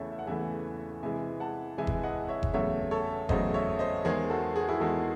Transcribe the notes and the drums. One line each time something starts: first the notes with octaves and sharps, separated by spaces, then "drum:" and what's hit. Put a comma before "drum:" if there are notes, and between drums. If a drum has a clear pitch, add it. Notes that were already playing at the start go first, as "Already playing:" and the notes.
Already playing: E2 C#3 E3 A3 C#5 E5
E5
F#5
E2 C#3 E3 A3 E5 G#5
C3 E3 G#3 E5 G#5
F#5 A5
C3 E3 G#3 E5 G#5
drum: kick F#1
D#5 F#5
C#5 E5
drum: kick F#1
E2 C#3 F#3 A3 C#5 E5
A4 C#5
E2 C#3 F#3 A3 C5 D#5, drum: kick F#1
C#5 E5
C5 D#5
E2 D#3 G#3 G#4 C5
F#4 A4
G#4
F#4
E4 G#4
E2 D#3 G#3 F#4 A4